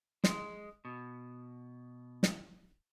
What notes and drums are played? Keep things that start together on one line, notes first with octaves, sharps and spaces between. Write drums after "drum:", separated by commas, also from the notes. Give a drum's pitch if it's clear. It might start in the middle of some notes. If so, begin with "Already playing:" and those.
G#3, drum: snare
B2
drum: snare